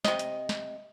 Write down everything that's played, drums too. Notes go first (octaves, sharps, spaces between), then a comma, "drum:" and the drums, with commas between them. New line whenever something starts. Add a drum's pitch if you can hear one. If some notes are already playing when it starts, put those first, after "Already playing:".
C3 D#5, drum: snare
drum: hi-hat
drum: snare